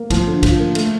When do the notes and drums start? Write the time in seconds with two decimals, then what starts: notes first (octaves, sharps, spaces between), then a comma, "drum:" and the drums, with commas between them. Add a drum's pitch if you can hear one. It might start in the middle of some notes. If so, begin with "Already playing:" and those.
Already playing: A#3
0.10 F3, drum: kick, cymbal
0.27 D3
0.43 F4, drum: kick, cymbal
0.59 A#3
0.75 A3, drum: cymbal